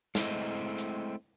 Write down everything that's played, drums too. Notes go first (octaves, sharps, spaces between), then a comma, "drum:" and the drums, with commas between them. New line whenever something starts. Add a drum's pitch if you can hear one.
F3 G#3 A3 C4 E4 D#5, drum: snare
drum: hi-hat